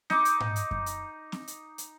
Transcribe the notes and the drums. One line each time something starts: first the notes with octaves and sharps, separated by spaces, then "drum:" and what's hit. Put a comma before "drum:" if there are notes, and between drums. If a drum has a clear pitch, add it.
D#4 D6, drum: snare C4
drum: hi-hat
drum: tom G#2
drum: hi-hat
drum: kick F#2
drum: hi-hat
drum: snare C4
drum: hi-hat
drum: hi-hat